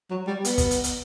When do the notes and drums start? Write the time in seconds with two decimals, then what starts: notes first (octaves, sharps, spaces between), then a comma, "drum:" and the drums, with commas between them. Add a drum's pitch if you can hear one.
0.11 F#3
0.27 G3
0.45 B3, drum: hi-hat
0.58 drum: kick, hi-hat
0.71 drum: hi-hat
0.84 drum: hi-hat